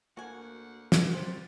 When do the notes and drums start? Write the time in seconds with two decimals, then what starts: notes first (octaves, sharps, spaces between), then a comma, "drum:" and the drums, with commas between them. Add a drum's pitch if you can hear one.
0.17 D2 A#3 F#4 F#5 G#5
0.92 drum: snare
1.13 D2 F#3 G3 F4 G4 C5